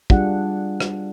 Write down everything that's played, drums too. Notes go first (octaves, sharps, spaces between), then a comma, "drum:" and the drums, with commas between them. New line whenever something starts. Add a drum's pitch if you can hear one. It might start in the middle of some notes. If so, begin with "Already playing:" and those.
G3 D4 F4 G#4 F#5, drum: kick
drum: rim click